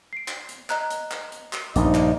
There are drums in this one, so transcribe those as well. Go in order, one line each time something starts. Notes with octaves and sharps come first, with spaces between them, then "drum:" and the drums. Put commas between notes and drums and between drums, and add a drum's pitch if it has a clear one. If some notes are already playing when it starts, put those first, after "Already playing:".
C7 D7
drum: clap
drum: hi-hat
D#5 A#5 F#6, drum: clap
drum: hi-hat
drum: clap
drum: hi-hat
drum: clap
A#1 G2 D#4 D6 D#6, drum: hi-hat
drum: clap